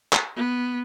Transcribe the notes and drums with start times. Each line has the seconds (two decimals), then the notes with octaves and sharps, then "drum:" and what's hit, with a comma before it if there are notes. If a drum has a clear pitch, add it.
0.13 drum: clap
0.36 B3